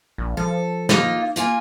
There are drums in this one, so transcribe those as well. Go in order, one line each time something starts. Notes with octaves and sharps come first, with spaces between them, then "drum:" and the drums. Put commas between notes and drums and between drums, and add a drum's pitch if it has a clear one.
A#1
F3 A4
A#3 D#4 F4, drum: snare
A#3 F4 G#5, drum: hi-hat